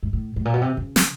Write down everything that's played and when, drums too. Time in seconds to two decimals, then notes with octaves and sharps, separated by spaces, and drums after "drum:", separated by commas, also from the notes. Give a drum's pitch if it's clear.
0.03 G#2
0.13 A2
0.36 A2
0.45 A#2
0.54 B2
0.61 C3
0.77 C#3
0.96 drum: snare